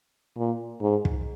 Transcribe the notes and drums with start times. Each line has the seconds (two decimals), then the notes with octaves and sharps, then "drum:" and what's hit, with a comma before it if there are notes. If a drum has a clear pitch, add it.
0.37 A#2
0.81 G#2
1.05 drum: kick